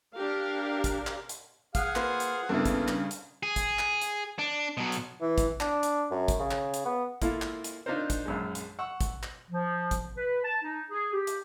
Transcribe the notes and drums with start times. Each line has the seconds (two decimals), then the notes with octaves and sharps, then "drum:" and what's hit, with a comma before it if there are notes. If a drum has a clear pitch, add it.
0.16 D4 G4 A#4 F5
0.84 drum: kick, hi-hat
1.07 drum: clap
1.29 drum: hi-hat
1.75 G#4 F5 F#5, drum: kick, hi-hat
1.96 A#3 F4 B4 C5, drum: clap
2.20 drum: hi-hat
2.49 G2 C#3 A#3 B3 E4 A4
2.65 drum: kick, hi-hat
2.88 drum: clap
3.11 drum: hi-hat
3.43 G#4
3.56 drum: kick, hi-hat
3.79 drum: clap
4.02 drum: hi-hat
4.39 D4
4.77 B2 F#3
4.92 drum: hi-hat
5.21 E3
5.38 drum: kick, hi-hat
5.60 D4, drum: clap
5.83 drum: hi-hat
6.11 F#2
6.28 drum: kick, hi-hat
6.39 C#3
6.51 drum: clap
6.74 drum: hi-hat
6.85 B3
7.22 A#3 E4 F4 A4, drum: kick, hi-hat
7.42 drum: clap
7.64 drum: hi-hat
7.86 D4 D#4 F4 A#4 C5
8.10 drum: kick, hi-hat
8.26 A#1 F#2 G#3
8.55 drum: hi-hat
8.79 F#5 C#6 E6
9.00 drum: kick, hi-hat
9.23 drum: clap
9.51 F3
9.91 drum: kick, hi-hat
10.17 B4
10.44 A5
10.63 D#4
10.90 G#4
11.13 G4
11.27 drum: hi-hat